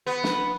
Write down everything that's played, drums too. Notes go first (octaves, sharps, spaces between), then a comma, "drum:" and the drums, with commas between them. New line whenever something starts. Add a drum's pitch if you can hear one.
B3
drum: snare